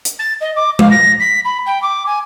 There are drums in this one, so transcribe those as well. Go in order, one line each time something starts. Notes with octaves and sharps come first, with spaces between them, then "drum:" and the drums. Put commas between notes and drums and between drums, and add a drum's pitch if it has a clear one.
drum: hi-hat
A6
D#5
D6
F5, drum: tom G#3
A#6
B6
B5
G5
D6
G#5